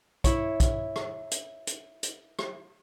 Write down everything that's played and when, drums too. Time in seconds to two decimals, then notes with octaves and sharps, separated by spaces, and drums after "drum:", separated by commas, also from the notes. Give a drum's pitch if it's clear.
0.24 E4 C#5, drum: kick, hi-hat
0.60 drum: kick, hi-hat
0.96 drum: rim click
1.31 drum: hi-hat
1.67 drum: hi-hat
2.03 drum: hi-hat
2.39 drum: rim click